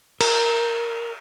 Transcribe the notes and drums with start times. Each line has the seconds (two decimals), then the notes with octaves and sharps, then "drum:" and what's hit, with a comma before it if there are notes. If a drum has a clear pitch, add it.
0.21 A#4, drum: cymbal